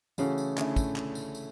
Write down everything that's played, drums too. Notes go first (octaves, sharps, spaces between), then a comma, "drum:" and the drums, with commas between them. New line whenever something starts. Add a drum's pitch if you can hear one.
C#3 E3 A3 C#4 F#4 A4, drum: tambourine
drum: tambourine
D3 A3 C#4 E4, drum: clap
drum: kick, tambourine
drum: clap
drum: tambourine
drum: tambourine